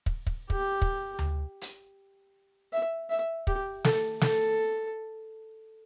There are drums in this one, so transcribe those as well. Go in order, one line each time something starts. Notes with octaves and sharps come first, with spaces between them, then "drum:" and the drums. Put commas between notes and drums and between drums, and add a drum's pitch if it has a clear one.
drum: kick
drum: kick
G4, drum: kick
drum: kick
drum: tom D2
drum: hi-hat
E5
E5
G4, drum: kick
A4, drum: snare
A4, drum: snare